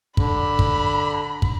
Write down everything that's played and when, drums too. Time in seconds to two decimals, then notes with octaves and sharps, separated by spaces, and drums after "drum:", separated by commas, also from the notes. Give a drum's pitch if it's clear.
0.17 D3 B5, drum: kick
0.59 drum: kick
1.42 drum: kick